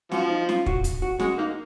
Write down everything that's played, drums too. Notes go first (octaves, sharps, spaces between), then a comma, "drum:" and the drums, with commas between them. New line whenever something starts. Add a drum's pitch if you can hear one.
F3 F#4, drum: snare
D#4
F4, drum: snare
F#4, drum: kick
drum: kick, hi-hat
F#4
G#3 F#4, drum: snare
A#3 D#4